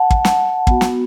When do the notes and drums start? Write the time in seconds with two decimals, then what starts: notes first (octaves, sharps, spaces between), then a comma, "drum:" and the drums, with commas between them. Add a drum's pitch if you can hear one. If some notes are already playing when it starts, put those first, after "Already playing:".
Already playing: F#5 A5
0.10 drum: kick
0.25 drum: snare
0.67 B3 F#4, drum: kick
0.81 drum: snare